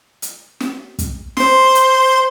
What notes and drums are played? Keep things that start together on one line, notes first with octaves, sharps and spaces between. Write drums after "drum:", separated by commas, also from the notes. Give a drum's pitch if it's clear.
drum: hi-hat
drum: snare
drum: kick, hi-hat
C5 C6, drum: snare
drum: hi-hat